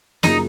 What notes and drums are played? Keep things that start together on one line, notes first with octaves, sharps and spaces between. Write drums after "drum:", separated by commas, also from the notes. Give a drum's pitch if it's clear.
F#2 C#3 F3 A#3 D#4, drum: snare